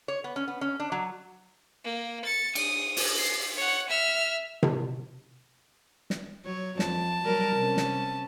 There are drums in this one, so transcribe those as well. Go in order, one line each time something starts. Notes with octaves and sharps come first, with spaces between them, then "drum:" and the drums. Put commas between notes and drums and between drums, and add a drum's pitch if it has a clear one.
C#5
B3
C#4
B3
C#4
D4
F#3
A#3
A6 C#7
D#6, drum: cymbal
drum: open hi-hat
C7
C#5 F#5
E5 F6
drum: tom C3
drum: snare
F#3 C#5
F2 A5, drum: snare
F#3 G3 A#4
C3 C#4
drum: snare